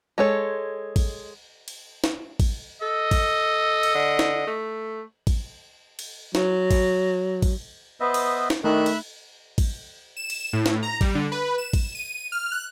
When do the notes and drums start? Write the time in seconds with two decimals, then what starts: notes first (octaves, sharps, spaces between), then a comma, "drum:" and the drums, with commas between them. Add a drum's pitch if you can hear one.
0.18 G#3 A4 C#5
0.96 drum: kick, cymbal
1.68 drum: cymbal
2.04 drum: snare
2.40 drum: kick, cymbal
2.82 A4 D#5
3.11 drum: kick, cymbal
3.83 drum: cymbal
3.95 D3
4.19 drum: snare
4.47 A3
5.27 drum: kick, cymbal
5.99 drum: cymbal
6.35 F#3, drum: snare
6.71 drum: kick, cymbal
7.42 drum: kick, cymbal
8.00 B3 B4 C5 D#5 E5
8.14 drum: cymbal
8.50 drum: snare
8.64 D#3 A3 D4 D#4 E5 B5 F#6
8.86 drum: cymbal
9.58 drum: kick, cymbal
10.17 E7
10.30 drum: cymbal
10.40 E7
10.53 A2
10.66 drum: snare
10.83 A#5
11.01 G3, drum: kick, cymbal
11.15 D3
11.32 B4
11.58 E7
11.73 drum: kick, cymbal
11.95 D#7
12.32 F6
12.52 F#6